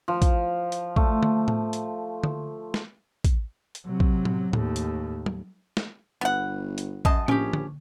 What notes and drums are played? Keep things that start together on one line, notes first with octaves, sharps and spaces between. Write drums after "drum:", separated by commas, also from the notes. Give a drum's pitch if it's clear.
F3
drum: kick, hi-hat
drum: hi-hat
A3, drum: kick
drum: tom D3
drum: tom A2
drum: hi-hat
drum: tom D3
drum: snare
drum: kick, hi-hat
drum: hi-hat
C3 F#3
drum: kick
drum: tom A2
D#2 A2, drum: tom A2
drum: hi-hat
drum: tom F#3
drum: snare
G1 B3 F#5
drum: hi-hat
F#2 D#5 A5, drum: kick
A#1 C#4 G4, drum: tom A2
drum: tom D3